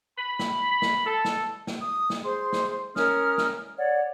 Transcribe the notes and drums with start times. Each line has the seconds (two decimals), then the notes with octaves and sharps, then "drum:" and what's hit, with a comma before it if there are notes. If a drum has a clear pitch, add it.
0.18 B5
0.39 drum: snare
0.82 drum: snare
1.06 A4
1.25 drum: snare
1.67 drum: snare
1.80 D#6
2.10 drum: snare
2.24 G#4 C5 C6
2.53 drum: snare
2.96 C#4 A#4 D#6 F6, drum: snare
3.38 drum: snare
3.77 C#5 D5 F#5